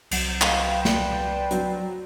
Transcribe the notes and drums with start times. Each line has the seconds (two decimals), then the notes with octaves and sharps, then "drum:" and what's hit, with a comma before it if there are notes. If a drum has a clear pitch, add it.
0.11 C2 F#3 E7, drum: cymbal
0.41 B4 C5 F5 G5, drum: clap
0.85 D5, drum: snare
1.51 F#3, drum: hi-hat